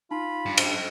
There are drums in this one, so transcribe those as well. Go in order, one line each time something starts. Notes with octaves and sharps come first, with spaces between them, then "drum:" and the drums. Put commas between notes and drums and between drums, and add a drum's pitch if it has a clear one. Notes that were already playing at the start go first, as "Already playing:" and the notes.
D#4 F4 B5
G2
drum: cymbal